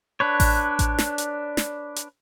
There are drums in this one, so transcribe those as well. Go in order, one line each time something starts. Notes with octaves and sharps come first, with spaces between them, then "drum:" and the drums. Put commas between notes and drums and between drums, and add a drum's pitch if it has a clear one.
D4 B4 C#5
drum: kick A1, open hi-hat
drum: kick A1, hi-hat
drum: snare
drum: hi-hat
drum: snare
drum: hi-hat